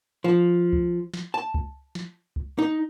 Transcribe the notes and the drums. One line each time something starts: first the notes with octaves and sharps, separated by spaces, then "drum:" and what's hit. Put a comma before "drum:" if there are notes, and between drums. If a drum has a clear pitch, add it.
F3
drum: kick C#2
drum: snare
A5
drum: kick C#2
drum: snare
drum: kick C#2
D#4